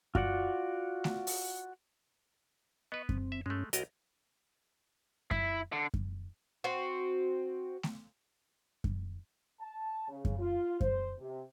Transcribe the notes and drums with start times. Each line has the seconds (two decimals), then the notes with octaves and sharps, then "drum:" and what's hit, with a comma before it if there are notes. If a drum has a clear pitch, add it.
0.15 F4 F#4 D5 F#5, drum: kick F#2
1.04 drum: snare A3
1.27 drum: open hi-hat
2.92 B3 B4 D#5 C#6
3.09 C4, drum: kick F#2
3.32 E5
3.46 G2 G#3 A3 C#4
3.73 C2 F#4 A#4 D#5, drum: hi-hat
5.31 E4, drum: kick F#2
5.72 D3
5.94 drum: kick F#2
6.64 C4 F#4
7.83 drum: snare A3
8.84 drum: kick F#2
9.61 A5
10.08 C#3
10.25 drum: kick F#2
10.39 F4
10.81 C5, drum: kick F#2
11.20 C3